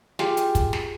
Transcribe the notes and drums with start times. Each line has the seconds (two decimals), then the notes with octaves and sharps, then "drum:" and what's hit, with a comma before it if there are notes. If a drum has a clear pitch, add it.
0.19 F4 G4 G#4, drum: snare
0.37 drum: hi-hat
0.55 drum: kick, hi-hat
0.73 drum: snare